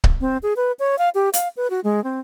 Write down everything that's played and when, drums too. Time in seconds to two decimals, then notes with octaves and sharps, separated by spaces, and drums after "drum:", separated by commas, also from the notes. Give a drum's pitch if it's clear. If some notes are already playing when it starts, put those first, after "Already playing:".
0.04 drum: kick C#1
0.21 C4
0.43 G#4
0.56 B4
0.79 C#5
0.98 F5
1.15 G4
1.33 F5, drum: hi-hat
1.57 B4
1.70 F#4
1.84 G#3
2.04 C4